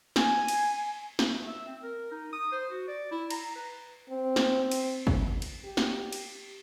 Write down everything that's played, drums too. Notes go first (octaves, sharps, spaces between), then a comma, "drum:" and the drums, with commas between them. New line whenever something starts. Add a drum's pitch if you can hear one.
G#5, drum: snare
drum: cymbal
drum: snare
A3
E5
C4
A#4
D#4
D#6
C5
F#4
D5
E4
A#5, drum: cymbal
B4
C4
drum: snare
drum: cymbal
drum: kick
drum: cymbal
G4
drum: snare
drum: cymbal